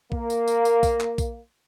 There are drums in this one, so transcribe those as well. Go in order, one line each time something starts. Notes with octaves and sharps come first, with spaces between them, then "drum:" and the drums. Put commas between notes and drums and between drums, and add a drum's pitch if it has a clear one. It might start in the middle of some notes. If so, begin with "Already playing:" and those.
A#3, drum: kick A#1
drum: tambourine
drum: tambourine
drum: tambourine
drum: kick A#1, tambourine
drum: clap
drum: kick A#1, tambourine